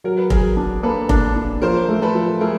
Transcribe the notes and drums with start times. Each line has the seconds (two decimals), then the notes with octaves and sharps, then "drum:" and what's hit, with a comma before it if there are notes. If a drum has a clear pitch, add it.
0.04 F#3 A#4
0.17 B4
0.30 F#3 G#4 A#4, drum: kick F1
0.57 D4
0.83 A#3 A4 B4
1.09 D4, drum: kick F1
1.36 D4
1.62 F3 A#4 C5
1.89 A3
2.02 A4 B4
2.15 F3
2.41 A3 G#4 A#4